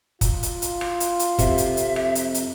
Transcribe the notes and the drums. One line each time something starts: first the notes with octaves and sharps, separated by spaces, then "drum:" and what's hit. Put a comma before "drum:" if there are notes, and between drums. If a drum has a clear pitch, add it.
F4, drum: kick, hi-hat
drum: hi-hat
drum: hi-hat
drum: rim click
drum: hi-hat
drum: hi-hat
F2 C3 E5, drum: kick, hi-hat
drum: hi-hat
drum: hi-hat
drum: rim click
drum: hi-hat
drum: hi-hat